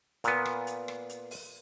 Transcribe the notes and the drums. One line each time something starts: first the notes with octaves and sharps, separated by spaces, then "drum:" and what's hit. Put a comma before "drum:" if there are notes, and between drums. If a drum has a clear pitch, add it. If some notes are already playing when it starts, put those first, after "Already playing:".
A#2 B3, drum: hi-hat
drum: rim click
drum: hi-hat
drum: rim click
drum: hi-hat
drum: open hi-hat